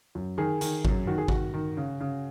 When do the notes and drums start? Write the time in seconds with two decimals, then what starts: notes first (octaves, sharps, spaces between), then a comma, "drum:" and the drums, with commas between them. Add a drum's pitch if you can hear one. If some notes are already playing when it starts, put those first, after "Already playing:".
0.15 F#2
0.38 D#3 G#4
0.61 D#3, drum: hi-hat
0.85 F#2, drum: kick G#1
1.07 D#3 F#4
1.18 G#4
1.28 D#3 F#4, drum: kick G#1
1.54 D#3
1.77 C#3
2.01 C#3